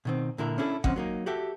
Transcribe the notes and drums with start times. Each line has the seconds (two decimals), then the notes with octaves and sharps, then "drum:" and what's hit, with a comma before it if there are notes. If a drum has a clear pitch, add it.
0.05 B2 D#3 C4
0.38 A#2 D3 E4 A#4
0.58 C#4 D4 E4 G4 A4
0.84 F#2 D#3 C4 C#4 D#5 F#5, drum: kick G1
0.96 F#3 A#3 D#4
1.26 F#4 G4 A4 E5